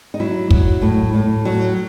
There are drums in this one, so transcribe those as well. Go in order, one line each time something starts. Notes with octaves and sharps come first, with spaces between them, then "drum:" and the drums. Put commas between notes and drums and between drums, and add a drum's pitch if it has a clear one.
D#4
F#3 E4
F#3, drum: kick
A2
A2
F#3